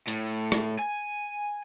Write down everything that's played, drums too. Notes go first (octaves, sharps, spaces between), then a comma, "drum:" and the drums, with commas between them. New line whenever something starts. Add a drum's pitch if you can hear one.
A2, drum: hi-hat
drum: rim click
G#5